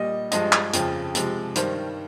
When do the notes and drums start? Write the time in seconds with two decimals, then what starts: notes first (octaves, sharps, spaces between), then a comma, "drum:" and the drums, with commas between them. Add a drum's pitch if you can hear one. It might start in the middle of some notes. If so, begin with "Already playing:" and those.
Already playing: A#2 G3 D#5
0.32 G2 F3 G#3 D#5, drum: hi-hat
0.52 drum: clap
0.73 F2 C#3 F3, drum: hi-hat
1.15 C3 F3 G#3, drum: hi-hat
1.56 G2 D#3 G3 C5, drum: hi-hat